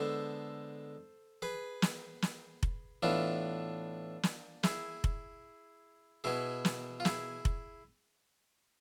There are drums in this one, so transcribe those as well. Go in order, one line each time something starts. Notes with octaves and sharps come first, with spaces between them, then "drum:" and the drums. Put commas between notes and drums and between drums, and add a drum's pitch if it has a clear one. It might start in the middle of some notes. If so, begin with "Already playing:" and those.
Already playing: D3 G#3 B3 A4 C5
G#4 B4
drum: snare
drum: snare
drum: kick F1
A2 E3 B3 D4 F4
drum: snare
E4 G#4, drum: snare
drum: kick F1
B2 B3 E4 G#4
drum: snare
F4
E4 G#4, drum: snare
drum: kick F1